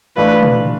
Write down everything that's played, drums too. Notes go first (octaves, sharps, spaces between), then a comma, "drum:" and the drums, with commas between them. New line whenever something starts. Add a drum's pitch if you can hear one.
E3 A3 D4 F4 B4
drum: tom